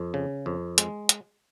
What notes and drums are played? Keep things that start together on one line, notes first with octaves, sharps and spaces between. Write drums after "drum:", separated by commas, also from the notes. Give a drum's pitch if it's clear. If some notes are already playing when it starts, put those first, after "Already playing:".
Already playing: F2
C#3
F2
G#3, drum: hi-hat
drum: hi-hat